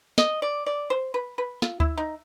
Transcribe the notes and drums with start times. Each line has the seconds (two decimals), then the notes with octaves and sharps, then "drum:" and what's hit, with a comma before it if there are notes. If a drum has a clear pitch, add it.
0.18 D#5, drum: snare
0.42 D5
0.66 D5
0.90 C5
1.14 B4
1.38 B4
1.62 F4, drum: snare
1.80 E4, drum: kick D2
1.97 D#4